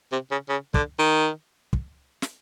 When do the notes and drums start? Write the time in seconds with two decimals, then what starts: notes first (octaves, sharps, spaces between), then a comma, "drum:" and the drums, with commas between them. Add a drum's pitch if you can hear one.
0.12 C3
0.31 C#3
0.49 C#3
0.74 D3, drum: kick
0.99 D#3
1.73 drum: kick
2.22 drum: snare